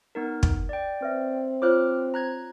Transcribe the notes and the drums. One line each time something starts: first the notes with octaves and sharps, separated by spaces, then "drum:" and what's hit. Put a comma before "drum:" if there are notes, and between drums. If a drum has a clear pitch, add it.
B3 D#4 A#4
drum: kick
D5 G5
C4 B4 E5
F4 C5 C#5 D6 F6 F#6
A#5 F#6 G#6